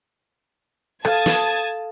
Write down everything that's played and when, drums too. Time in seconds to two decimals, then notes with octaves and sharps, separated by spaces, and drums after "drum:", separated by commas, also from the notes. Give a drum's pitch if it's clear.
1.05 A4 F5 A5 D#6 G#6, drum: rim click
1.26 drum: snare